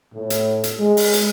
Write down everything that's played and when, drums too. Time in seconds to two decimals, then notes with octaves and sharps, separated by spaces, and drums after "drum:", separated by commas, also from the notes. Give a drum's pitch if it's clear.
0.15 A2
0.30 drum: hi-hat
0.64 drum: hi-hat
0.80 G#3
0.97 drum: open hi-hat
1.14 drum: hi-hat